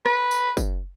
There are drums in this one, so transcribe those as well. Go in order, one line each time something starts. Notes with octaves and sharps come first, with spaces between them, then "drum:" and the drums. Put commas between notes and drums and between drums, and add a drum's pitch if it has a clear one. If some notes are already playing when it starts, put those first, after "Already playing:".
B4, drum: rim click
drum: tambourine
drum: kick, tambourine